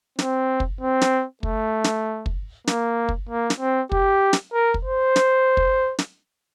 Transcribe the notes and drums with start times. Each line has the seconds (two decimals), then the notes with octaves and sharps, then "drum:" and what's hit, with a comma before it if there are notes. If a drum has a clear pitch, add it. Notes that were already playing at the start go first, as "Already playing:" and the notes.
0.19 C4, drum: snare
0.60 drum: kick
0.81 C4
1.01 drum: snare
1.43 A3, drum: kick
1.84 drum: snare
2.26 drum: kick
2.67 A#3, drum: snare
3.09 drum: kick
3.29 A#3
3.50 drum: snare
3.60 C4
3.92 G4, drum: kick
4.33 drum: snare
4.54 A#4
4.74 drum: kick
4.85 C5
5.16 drum: snare
5.57 drum: kick
5.99 drum: snare